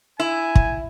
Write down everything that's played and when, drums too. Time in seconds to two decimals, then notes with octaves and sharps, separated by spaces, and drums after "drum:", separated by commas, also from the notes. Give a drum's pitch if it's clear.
0.20 E4 G#5
0.55 drum: kick